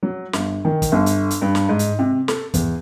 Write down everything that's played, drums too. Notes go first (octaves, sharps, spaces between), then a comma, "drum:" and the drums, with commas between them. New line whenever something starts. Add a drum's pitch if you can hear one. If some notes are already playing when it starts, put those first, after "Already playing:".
F#3
G1, drum: snare
D#3
drum: kick, hi-hat
G1
drum: hi-hat
drum: hi-hat
G2
drum: snare
G#2
drum: hi-hat
C3
A4, drum: snare
E2, drum: kick, hi-hat